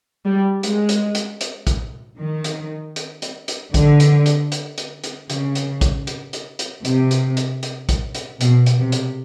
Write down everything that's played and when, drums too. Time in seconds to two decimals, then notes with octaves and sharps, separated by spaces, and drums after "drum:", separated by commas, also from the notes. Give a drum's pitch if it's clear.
0.24 G3
0.63 G#3, drum: hi-hat
0.89 drum: hi-hat
1.15 drum: hi-hat
1.41 drum: hi-hat
1.67 drum: kick, hi-hat
2.19 D#3
2.44 drum: hi-hat
2.96 drum: hi-hat
3.22 drum: hi-hat
3.48 drum: hi-hat
3.74 D3, drum: kick, hi-hat
4.00 drum: hi-hat
4.26 drum: hi-hat
4.52 drum: hi-hat
4.78 drum: hi-hat
5.04 drum: hi-hat
5.30 C#3, drum: hi-hat
5.55 drum: hi-hat
5.81 drum: kick, hi-hat
6.07 drum: hi-hat
6.33 drum: hi-hat
6.59 drum: hi-hat
6.85 C3, drum: hi-hat
7.11 drum: hi-hat
7.37 drum: hi-hat
7.63 drum: hi-hat
7.89 drum: kick, hi-hat
8.15 drum: hi-hat
8.41 B2, drum: hi-hat
8.66 drum: hi-hat
8.80 C3
8.92 drum: hi-hat